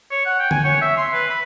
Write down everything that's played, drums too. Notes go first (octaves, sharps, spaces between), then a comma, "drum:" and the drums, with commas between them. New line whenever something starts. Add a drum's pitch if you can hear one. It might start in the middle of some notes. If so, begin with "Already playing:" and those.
C#5
F#5
G5
G#5, drum: tom D3
C#5
E5
C6
B4
B5